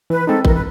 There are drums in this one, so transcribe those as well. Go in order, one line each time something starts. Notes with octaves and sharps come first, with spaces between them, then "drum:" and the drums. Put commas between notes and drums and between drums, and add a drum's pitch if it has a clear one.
E3 B4
G#3 C4 D#4 A4
E3 A#4, drum: kick A1
B4